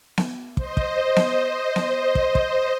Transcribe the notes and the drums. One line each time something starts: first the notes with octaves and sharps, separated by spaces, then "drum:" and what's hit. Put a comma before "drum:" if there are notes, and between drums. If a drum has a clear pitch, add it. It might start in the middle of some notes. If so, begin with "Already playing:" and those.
drum: snare B3
C5 D#5, drum: kick
drum: kick
drum: snare B3
drum: snare B3
drum: kick
drum: kick